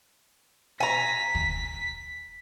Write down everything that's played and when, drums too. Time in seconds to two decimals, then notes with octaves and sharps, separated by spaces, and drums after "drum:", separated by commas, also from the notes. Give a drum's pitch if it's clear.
0.80 G#5 A#5 B6
1.35 drum: kick